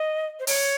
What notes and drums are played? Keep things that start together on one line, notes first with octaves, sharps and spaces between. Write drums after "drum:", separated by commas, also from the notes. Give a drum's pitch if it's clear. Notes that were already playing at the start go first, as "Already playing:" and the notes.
Already playing: D#5
C5
C#5, drum: open hi-hat